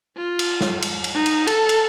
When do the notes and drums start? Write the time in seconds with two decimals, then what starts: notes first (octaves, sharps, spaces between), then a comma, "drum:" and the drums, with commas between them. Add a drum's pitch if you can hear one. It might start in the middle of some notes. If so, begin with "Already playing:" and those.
0.17 F4
0.39 drum: cymbal
0.61 drum: snare
0.82 drum: cymbal
1.04 drum: cymbal
1.15 D#4
1.26 drum: cymbal
1.47 A4, drum: cymbal
1.69 drum: cymbal